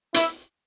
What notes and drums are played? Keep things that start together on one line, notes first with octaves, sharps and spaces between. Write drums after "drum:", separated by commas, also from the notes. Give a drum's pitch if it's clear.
E4, drum: hi-hat